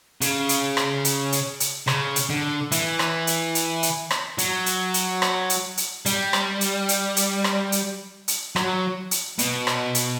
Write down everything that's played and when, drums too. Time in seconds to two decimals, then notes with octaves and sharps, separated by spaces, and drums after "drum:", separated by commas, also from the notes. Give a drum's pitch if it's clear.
0.21 C#3, drum: hi-hat
0.49 drum: hi-hat
0.77 drum: rim click
1.05 drum: hi-hat
1.32 drum: hi-hat
1.60 drum: hi-hat
1.88 C#3, drum: rim click
2.16 drum: hi-hat
2.30 D3
2.72 E3, drum: hi-hat
2.99 drum: rim click
3.27 drum: hi-hat
3.55 drum: hi-hat
3.83 drum: hi-hat
4.11 drum: rim click
4.38 F#3, drum: hi-hat
4.66 drum: hi-hat
4.94 drum: hi-hat
5.22 drum: rim click
5.50 drum: hi-hat
5.77 drum: hi-hat
6.06 G3, drum: hi-hat
6.33 drum: rim click
6.61 drum: hi-hat
6.89 drum: hi-hat
7.16 drum: hi-hat
7.44 drum: rim click
7.72 drum: hi-hat
8.28 drum: hi-hat
8.56 F#3, drum: rim click
9.11 drum: hi-hat
9.39 B2, drum: hi-hat
9.67 drum: rim click
9.95 drum: hi-hat